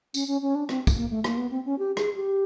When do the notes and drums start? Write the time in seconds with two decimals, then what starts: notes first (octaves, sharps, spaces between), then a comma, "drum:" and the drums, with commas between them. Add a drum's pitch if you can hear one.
0.14 C#4, drum: tambourine
0.28 C#4
0.42 C#4
0.55 D4
0.69 C4, drum: rim click
0.87 drum: kick, tambourine
0.96 A#3
1.10 A3
1.24 A#3, drum: rim click
1.37 B3
1.51 C4
1.66 C#4
1.79 G4
1.97 G#4, drum: rim click
2.15 G4